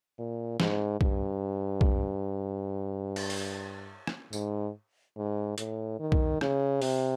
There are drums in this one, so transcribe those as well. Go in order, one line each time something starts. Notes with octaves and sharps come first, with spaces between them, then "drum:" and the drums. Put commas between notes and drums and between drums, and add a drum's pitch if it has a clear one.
A#2
G#2, drum: snare
G2, drum: kick B1
drum: kick B1
drum: cymbal
drum: open hi-hat
drum: rim click
G#2, drum: tambourine
G#2
A2, drum: hi-hat
D#3
drum: kick B1
C#3, drum: rim click
C3, drum: open hi-hat